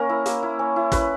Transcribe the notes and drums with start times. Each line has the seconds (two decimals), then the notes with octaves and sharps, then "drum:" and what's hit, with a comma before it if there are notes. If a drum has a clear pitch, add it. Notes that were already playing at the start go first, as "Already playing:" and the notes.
Already playing: A#3 C#4 A#4
0.09 E4
0.26 A#3, drum: hi-hat
0.43 E4
0.59 C#4
0.76 E4
0.92 C#4 B4, drum: kick, hi-hat